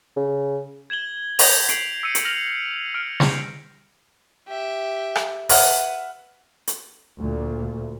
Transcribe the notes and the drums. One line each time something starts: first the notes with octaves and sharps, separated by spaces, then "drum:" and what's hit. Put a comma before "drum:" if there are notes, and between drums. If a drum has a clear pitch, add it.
C#3
G#6 E7 F#7 G7
G6 A#6 B6 F7, drum: open hi-hat
C7 D7 F#7, drum: hi-hat
E6 C7 C#7 D#7
drum: hi-hat
F6 A#6 F7 F#7
F6 D7
drum: snare
G4 E5
drum: rim click
B4 E5 F#5 F6, drum: open hi-hat
drum: hi-hat
D2 A#2